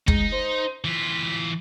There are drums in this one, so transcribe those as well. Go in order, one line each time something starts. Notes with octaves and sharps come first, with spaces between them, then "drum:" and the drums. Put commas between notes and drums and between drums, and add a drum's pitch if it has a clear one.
G#3 D#4, drum: kick
C5
E3 F4 B6